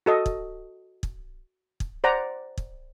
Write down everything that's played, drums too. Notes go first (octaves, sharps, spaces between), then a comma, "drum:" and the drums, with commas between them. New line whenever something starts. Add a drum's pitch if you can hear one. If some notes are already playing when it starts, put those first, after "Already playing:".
F#4 A4 D#5
drum: kick
drum: kick
drum: kick
C5 D5 F#5 A#5
drum: kick